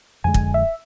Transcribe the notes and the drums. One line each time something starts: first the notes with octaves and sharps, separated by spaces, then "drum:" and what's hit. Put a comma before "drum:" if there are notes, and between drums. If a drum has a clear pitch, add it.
F2 D3 G#3 G#5
drum: kick
E5